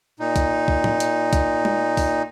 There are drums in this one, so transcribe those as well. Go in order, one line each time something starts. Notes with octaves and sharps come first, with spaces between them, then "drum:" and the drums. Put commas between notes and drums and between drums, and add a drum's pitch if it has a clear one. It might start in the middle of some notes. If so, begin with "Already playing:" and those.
A#2 D#4
drum: kick, hi-hat
drum: kick
drum: tom
drum: hi-hat
drum: kick, hi-hat
drum: tom
drum: kick, open hi-hat